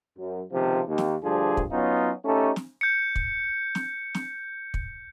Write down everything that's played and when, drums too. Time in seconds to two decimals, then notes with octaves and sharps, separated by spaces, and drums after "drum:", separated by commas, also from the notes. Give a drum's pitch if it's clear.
0.19 F#2
0.53 C#2 C3 D#3 F3
0.88 D#2
0.98 drum: snare
1.24 D2 G2 F3 D4 G#4
1.57 drum: kick
1.72 F#3 B3 C#4 D#4 F4
2.25 A3 C#4 D#4 G4 A4
2.56 drum: snare
2.81 G6 C#7
3.16 drum: kick
3.75 drum: snare
4.15 drum: snare
4.74 drum: kick